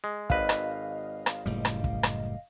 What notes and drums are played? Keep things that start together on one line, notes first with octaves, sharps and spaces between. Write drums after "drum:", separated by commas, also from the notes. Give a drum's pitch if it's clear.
G#3
G#1 B4 D#5 F5, drum: kick
drum: rim click
drum: rim click
F#1 A2 G3
drum: rim click
drum: kick
drum: rim click